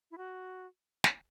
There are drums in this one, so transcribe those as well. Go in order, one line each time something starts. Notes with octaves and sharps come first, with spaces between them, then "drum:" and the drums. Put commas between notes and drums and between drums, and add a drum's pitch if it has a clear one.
E4
F#4
drum: snare